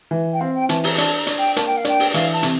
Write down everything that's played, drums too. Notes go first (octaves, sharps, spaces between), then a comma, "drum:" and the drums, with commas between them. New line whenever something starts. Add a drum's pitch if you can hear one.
E3
G5
C4 F5
G5
E3 A5, drum: hi-hat
A#5, drum: open hi-hat
D4 A5, drum: hi-hat
A#5
D4, drum: hi-hat
G5
A#3 A5, drum: hi-hat
G5
F5
D4 G5, drum: hi-hat
drum: open hi-hat
E3 F5, drum: hi-hat
A5
C3, drum: hi-hat